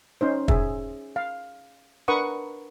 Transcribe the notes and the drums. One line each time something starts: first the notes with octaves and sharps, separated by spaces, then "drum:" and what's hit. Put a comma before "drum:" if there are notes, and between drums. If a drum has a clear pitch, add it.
C#4 D#4 C5
G#4 E5, drum: kick
F5
D4 A#4 B4 F#5 C#6 D#6